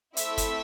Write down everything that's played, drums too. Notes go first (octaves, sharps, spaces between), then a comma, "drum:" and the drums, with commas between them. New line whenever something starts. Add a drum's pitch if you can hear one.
A3 C4 E4 A4 E5, drum: hi-hat
drum: kick, hi-hat